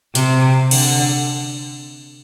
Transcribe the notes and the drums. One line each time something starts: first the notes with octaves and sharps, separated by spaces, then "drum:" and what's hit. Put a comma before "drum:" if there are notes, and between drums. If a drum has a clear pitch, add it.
C3, drum: hi-hat
D3, drum: cymbal